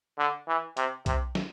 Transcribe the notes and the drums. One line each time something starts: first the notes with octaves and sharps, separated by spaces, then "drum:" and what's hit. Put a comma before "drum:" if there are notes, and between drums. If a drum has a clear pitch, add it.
D3
E3
C3, drum: hi-hat
C3, drum: kick B1, hi-hat
drum: snare